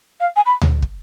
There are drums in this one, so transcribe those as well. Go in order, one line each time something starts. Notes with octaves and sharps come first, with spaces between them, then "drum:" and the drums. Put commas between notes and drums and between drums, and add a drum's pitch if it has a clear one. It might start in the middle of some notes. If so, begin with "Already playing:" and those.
F5
G#5
B5
drum: tom D2
drum: kick